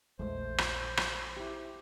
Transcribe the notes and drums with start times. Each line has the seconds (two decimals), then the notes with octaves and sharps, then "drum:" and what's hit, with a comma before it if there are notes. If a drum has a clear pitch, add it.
0.19 A#1 E2 G#3 A3 C5
0.58 drum: rim click
0.97 drum: rim click
1.37 E4 G4